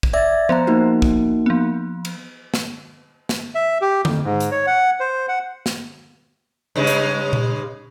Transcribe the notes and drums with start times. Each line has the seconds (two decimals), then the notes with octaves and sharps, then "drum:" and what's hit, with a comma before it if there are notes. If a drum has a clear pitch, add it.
0.03 drum: kick
0.13 D5 E5 G#6 A6
0.49 F3 B3 C5 A#5
0.67 A#3 D#4 F#4
1.02 drum: kick
1.46 F3 B3
2.05 drum: cymbal
2.54 drum: snare
3.29 drum: snare
3.55 E5
3.81 G4
4.05 F2, drum: tom D3
4.24 G#2
4.40 drum: hi-hat
4.51 C#5
4.67 F#5
5.00 C5
5.28 F#5
5.66 drum: snare
6.76 G2 C#3 G#3
6.87 drum: hi-hat
7.33 drum: tom A#2